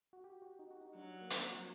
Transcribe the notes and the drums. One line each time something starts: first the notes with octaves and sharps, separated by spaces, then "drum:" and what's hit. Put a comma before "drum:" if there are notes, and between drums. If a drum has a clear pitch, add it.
F#4
G4
F#4
D#4
F#4
D#4
F#3 D4
A#3
C4, drum: hi-hat